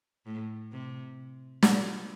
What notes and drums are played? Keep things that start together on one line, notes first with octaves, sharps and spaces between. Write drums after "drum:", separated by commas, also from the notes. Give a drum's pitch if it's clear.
A2
C3
A#2, drum: snare